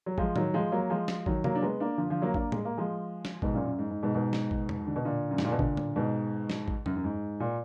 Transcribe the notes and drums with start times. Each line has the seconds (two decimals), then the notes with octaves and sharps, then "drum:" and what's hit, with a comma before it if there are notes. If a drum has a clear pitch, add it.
0.06 F#3
0.18 F3 G#3, drum: kick
0.36 D#3 F#3, drum: tom A2
0.54 F3 G#3
0.72 F#3 A#3
0.90 F3 G#3
1.08 drum: snare
1.26 D#3 F#3, drum: kick
1.44 F#3 A#3, drum: tom C3
1.55 D4
1.62 G#3 B3
1.80 A#3 D4
1.98 D3 F3
2.10 D3 F3
2.22 F#3 A#3
2.34 A#3 D4, drum: kick
2.52 G#3, drum: tom A2
2.65 A#3
2.78 F3 G#3
3.25 drum: snare
3.42 G#2 B2, drum: kick
3.54 F#2 A#2
3.67 F#2
3.79 G#2
3.91 G#2
4.03 G#2 B2
4.15 G#2 B2
4.33 drum: snare
4.51 drum: kick
4.69 drum: tom E2
4.87 D3
4.96 B2
5.05 A#2 D3
5.31 F#2
5.38 G#2, drum: snare
5.45 A#2
5.52 B2
5.59 A#2 D3, drum: kick
5.77 drum: tom A2
5.96 G#2 B2
6.50 drum: snare
6.68 drum: kick
6.86 F#2, drum: tom E2
6.96 F#2
7.04 G#2
7.40 A#2